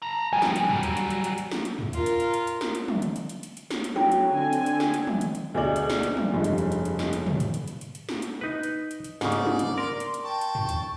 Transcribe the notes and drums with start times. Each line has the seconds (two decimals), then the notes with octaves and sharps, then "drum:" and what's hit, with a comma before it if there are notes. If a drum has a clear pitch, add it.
0.02 A5 A#5
0.33 F3 G3 G#5
0.42 drum: snare
0.56 drum: hi-hat
0.69 F#3 G3, drum: tom
0.83 drum: hi-hat
0.97 drum: hi-hat
1.10 drum: hi-hat
1.24 drum: hi-hat
1.38 drum: hi-hat
1.51 drum: snare
1.65 drum: hi-hat
1.79 drum: tom
1.93 F4 A#4, drum: hi-hat
2.06 drum: hi-hat
2.20 drum: hi-hat
2.34 drum: hi-hat
2.47 drum: hi-hat
2.61 drum: snare
2.75 drum: hi-hat
2.88 drum: tom
3.02 drum: hi-hat
3.16 drum: hi-hat
3.29 drum: hi-hat
3.43 drum: hi-hat
3.57 drum: hi-hat
3.71 drum: snare
3.84 drum: hi-hat
3.96 F#3 G5, drum: tom
4.12 drum: hi-hat
4.32 D3 C4 G#5
4.53 drum: hi-hat
4.66 drum: hi-hat
4.80 drum: snare
4.94 drum: hi-hat
5.07 drum: tom
5.21 drum: hi-hat
5.35 drum: hi-hat
5.54 D2 B2 G#3 D5 F#7
5.76 drum: hi-hat
5.90 drum: snare
6.03 drum: hi-hat
6.17 drum: tom
6.34 F1 G2 C#3 D#4
6.44 drum: hi-hat
6.58 drum: hi-hat
6.72 drum: hi-hat
6.85 drum: hi-hat
6.99 drum: snare
7.13 drum: hi-hat
7.26 drum: tom
7.40 drum: hi-hat
7.54 drum: hi-hat
7.68 drum: hi-hat
7.81 drum: hi-hat
7.95 drum: hi-hat
8.09 drum: snare
8.22 drum: hi-hat
8.41 D#4 B4
8.63 drum: hi-hat
8.91 drum: hi-hat
9.04 drum: hi-hat
9.21 G#2 C#3 D5, drum: snare
9.32 drum: hi-hat
9.46 drum: tom
9.59 drum: hi-hat
9.78 A#4 C6
10.00 drum: hi-hat
10.14 drum: hi-hat
10.23 G5 A5 C#6
10.41 drum: hi-hat
10.55 drum: tom
10.69 drum: hi-hat